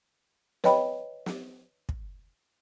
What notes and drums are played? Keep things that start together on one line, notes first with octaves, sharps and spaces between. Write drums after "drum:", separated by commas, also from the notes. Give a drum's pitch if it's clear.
B4 C#5 D#5 G5 B5, drum: snare
drum: snare
drum: kick